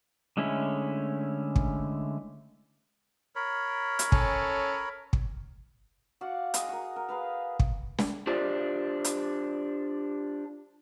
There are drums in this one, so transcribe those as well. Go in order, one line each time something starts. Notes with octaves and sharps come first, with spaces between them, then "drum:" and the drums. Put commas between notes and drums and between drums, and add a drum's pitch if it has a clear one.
D3 G#3 A3 C#4 E4
drum: kick
A#4 C#5 B5
drum: hi-hat
C#4 A4, drum: kick
drum: kick
F#4 D5 F5 F#5
G#4 D#5, drum: hi-hat
F#4 A#4
A#4
G#4 A#4 B4 F5
drum: kick
drum: snare
D4 F4 G4 C5 D5
drum: hi-hat